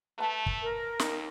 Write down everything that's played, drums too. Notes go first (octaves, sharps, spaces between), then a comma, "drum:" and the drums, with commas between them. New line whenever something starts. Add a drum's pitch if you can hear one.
A3 B4 A5
drum: kick
A#4
D#2 D#4, drum: snare